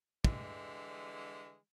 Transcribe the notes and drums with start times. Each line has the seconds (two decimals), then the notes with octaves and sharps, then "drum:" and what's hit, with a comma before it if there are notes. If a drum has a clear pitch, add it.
0.24 D3 E3 G3 G#3, drum: kick